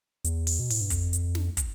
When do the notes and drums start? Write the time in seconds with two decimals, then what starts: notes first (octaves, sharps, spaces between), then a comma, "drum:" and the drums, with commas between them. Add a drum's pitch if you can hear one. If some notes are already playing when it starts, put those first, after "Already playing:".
0.24 E2, drum: hi-hat
0.47 drum: open hi-hat
0.59 B2
0.70 A2, drum: open hi-hat
0.81 G2
0.90 F2, drum: kick, hi-hat
1.13 drum: hi-hat
1.35 drum: snare
1.57 drum: kick, hi-hat